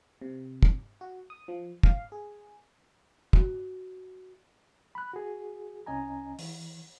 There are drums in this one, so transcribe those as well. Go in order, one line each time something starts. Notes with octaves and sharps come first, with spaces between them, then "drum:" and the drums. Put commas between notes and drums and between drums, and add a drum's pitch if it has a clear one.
C3
drum: kick
F#4
D#6
F3
F5, drum: kick
G#4
F#4, drum: kick
B5 F#6
F#4 G#4
C2 C#4 D#5 G#5 A#5
E3, drum: open hi-hat